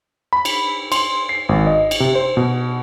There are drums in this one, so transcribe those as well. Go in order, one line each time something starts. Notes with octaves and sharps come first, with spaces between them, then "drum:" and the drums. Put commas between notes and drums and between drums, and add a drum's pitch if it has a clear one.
B5
drum: cymbal
C6, drum: cymbal
C7
G#1
D#5
drum: cymbal
C3
C5
B2